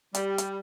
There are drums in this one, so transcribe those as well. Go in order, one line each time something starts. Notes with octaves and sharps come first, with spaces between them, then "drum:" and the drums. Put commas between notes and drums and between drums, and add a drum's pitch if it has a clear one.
G3, drum: hi-hat
drum: hi-hat